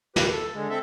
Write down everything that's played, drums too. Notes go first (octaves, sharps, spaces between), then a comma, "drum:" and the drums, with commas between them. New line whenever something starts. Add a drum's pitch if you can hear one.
G4 B4, drum: snare
A4
D3 G#3
C4 A4 E5